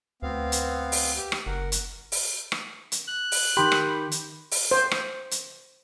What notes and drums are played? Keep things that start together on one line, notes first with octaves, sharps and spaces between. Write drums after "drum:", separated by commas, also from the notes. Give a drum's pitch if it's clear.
D2 B3 C4 F5
drum: hi-hat
drum: open hi-hat
G4
drum: rim click
F#1 A#4 F#5
drum: hi-hat
drum: open hi-hat
drum: rim click
drum: hi-hat
F#6
drum: open hi-hat
D#3 G4 G5 B5 C6 G6
drum: rim click
drum: hi-hat
drum: open hi-hat
C5
drum: rim click
drum: hi-hat